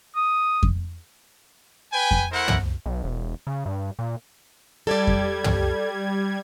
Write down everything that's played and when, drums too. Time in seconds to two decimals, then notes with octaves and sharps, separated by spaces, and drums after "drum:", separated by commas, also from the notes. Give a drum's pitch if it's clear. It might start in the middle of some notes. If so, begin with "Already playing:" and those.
0.16 D#6
0.63 drum: kick F2
1.92 B4 G5 G#5
2.11 drum: kick F2
2.32 A3 E4 A#4 C5 F#5
2.48 drum: tom
2.86 B1
3.04 E1
3.47 C#3
3.66 G2
3.99 A#2
4.87 G3 A4 D5 G#6
5.07 drum: kick F2
5.44 drum: tom